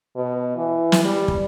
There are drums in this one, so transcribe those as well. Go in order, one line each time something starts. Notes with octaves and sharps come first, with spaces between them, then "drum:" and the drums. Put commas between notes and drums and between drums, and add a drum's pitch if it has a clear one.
B2
E3
drum: snare
G3
drum: kick